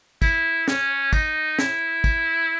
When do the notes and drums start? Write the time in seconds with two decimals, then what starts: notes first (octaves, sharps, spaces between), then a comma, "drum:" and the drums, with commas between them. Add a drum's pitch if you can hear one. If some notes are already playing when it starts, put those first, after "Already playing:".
0.22 E4, drum: kick, tambourine
0.68 C#4, drum: snare
1.13 D#4, drum: kick, tambourine
1.59 E4, drum: snare
2.04 drum: kick, tambourine